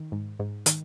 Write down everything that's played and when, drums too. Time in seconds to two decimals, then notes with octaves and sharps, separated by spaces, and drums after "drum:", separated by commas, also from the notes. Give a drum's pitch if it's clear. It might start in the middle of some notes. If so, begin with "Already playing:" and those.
Already playing: D#3
0.12 G#2
0.40 G#2
0.66 D#3, drum: hi-hat